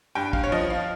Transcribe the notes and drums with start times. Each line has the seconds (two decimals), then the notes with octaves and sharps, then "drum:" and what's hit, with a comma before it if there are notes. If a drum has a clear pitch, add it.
0.15 G2 G5
0.33 F5, drum: kick
0.44 C#5
0.52 F3 D#5
0.70 F5